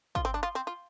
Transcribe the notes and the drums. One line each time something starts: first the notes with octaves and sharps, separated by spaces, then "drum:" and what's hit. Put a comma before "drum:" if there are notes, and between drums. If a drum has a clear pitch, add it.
F4, drum: kick
C4
D4
F4
C4
F4